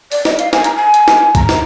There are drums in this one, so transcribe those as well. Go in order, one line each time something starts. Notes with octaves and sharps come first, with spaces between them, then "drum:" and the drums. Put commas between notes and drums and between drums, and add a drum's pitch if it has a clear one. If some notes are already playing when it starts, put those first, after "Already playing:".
D5, drum: open hi-hat
D#5, drum: snare
F5, drum: hi-hat
G#5, drum: snare
A#5, drum: hi-hat
G#5
drum: hi-hat
drum: snare
A#5, drum: kick, hi-hat
drum: snare